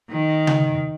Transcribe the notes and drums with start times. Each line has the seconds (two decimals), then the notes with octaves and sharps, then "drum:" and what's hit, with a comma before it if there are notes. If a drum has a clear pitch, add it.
0.10 D#3
0.47 drum: tom C#3